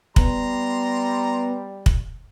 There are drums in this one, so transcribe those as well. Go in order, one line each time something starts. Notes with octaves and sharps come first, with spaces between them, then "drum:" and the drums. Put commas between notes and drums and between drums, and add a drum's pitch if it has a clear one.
G3 B3 A#5 C6, drum: kick
drum: kick